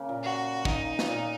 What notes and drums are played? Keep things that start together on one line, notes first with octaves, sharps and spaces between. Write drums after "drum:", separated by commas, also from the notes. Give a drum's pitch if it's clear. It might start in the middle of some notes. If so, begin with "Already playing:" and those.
Already playing: C#3 A#3
A#2
F#4
D#4, drum: kick
drum: snare
A#2